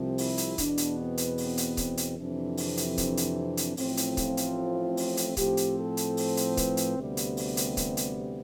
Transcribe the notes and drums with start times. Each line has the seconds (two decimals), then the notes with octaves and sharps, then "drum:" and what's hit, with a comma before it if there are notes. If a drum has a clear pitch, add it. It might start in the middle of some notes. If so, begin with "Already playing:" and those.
Already playing: C2 C3 F3 C4
0.18 E4, drum: open hi-hat
0.38 drum: hi-hat
0.58 E2 B2 B3 D4, drum: kick C#1, hi-hat
0.78 drum: hi-hat
0.98 C4
1.17 drum: hi-hat
1.38 C4, drum: open hi-hat
1.57 drum: hi-hat
1.77 C4, drum: kick C#1, hi-hat
1.97 drum: hi-hat
2.17 F2 C3 E3 D4
2.57 drum: open hi-hat
2.77 drum: hi-hat
2.98 D4, drum: kick C#1, hi-hat
3.17 drum: hi-hat
3.57 drum: hi-hat
3.77 A1 A2 F3 C4, drum: open hi-hat
3.97 drum: hi-hat
4.17 F4, drum: kick C#1, hi-hat
4.37 drum: hi-hat
4.97 drum: open hi-hat
5.17 drum: hi-hat
5.37 A2 F3 C4 G4, drum: kick C#1, hi-hat
5.57 drum: hi-hat
5.78 A4
5.97 drum: hi-hat
6.17 drum: open hi-hat
6.37 drum: hi-hat
6.57 B4, drum: kick C#1, hi-hat
6.77 drum: hi-hat
6.97 D2 C3 G3 B3
7.17 drum: hi-hat
7.37 drum: open hi-hat
7.57 drum: hi-hat
7.77 drum: kick C#1, hi-hat
7.97 drum: hi-hat